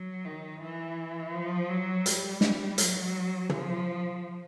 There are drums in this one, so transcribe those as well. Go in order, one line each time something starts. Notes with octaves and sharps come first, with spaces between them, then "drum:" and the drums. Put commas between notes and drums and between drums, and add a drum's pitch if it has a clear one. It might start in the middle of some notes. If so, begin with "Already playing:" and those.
Already playing: F#3
D#3
E3
F3
F#3
G3, drum: hi-hat
drum: snare
F#3, drum: hi-hat
F3, drum: tom